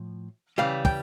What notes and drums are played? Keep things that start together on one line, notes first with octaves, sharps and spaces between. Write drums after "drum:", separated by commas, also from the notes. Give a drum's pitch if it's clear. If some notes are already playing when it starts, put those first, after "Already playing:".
Already playing: A2 F3
C#3 E3 G3 F5
G5, drum: kick